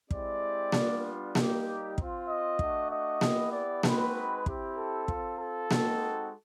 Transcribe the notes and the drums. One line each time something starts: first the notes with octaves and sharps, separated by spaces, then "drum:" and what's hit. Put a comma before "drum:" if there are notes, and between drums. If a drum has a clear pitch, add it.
G#3 C4 E4 G4 D5, drum: kick
G3 B3 D4 F4, drum: snare A#3
G3 A#3 D#4 G4, drum: snare A#3
C4 F4, drum: kick
D#5
A3 D4 F#4, drum: kick
D#5
B3 E4 G4, drum: snare A#3
D5
G#3 C4 D#4 F#4 B4, drum: snare A#3
C4 E4 G4, drum: kick
A4
C4 F4, drum: kick
A4
G#3 C4 D#4 F#4, drum: snare A#3